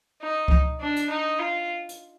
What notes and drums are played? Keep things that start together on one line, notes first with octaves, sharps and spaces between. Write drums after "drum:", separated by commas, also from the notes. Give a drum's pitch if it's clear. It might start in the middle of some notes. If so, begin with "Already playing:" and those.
D#4
drum: kick C#2
D4
drum: hi-hat
D#4
F4
drum: hi-hat